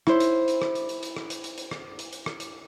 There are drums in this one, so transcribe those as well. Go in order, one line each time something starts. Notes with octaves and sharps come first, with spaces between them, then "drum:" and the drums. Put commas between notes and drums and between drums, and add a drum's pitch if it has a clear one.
E4 C5, drum: rim click
drum: hi-hat
drum: hi-hat
drum: rim click
drum: hi-hat
drum: hi-hat
drum: hi-hat
drum: rim click
drum: hi-hat
drum: hi-hat
drum: hi-hat
drum: rim click
drum: hi-hat
drum: hi-hat
drum: rim click
drum: hi-hat